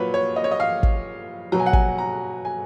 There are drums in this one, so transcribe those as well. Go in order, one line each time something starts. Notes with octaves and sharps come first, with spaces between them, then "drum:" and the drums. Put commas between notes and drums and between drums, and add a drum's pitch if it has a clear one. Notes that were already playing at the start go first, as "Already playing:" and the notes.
Already playing: A#2 F#3 B4 C#5
C#5
D#5
C#5
D#5
F5
drum: kick
B2 F#3 A#5
G#5
F#5
G#5, drum: kick
A#5
G#5